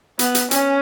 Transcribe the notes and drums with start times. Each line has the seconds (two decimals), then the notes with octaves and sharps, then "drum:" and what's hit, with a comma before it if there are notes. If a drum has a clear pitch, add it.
0.19 B3, drum: hi-hat
0.35 drum: hi-hat
0.51 C#4, drum: hi-hat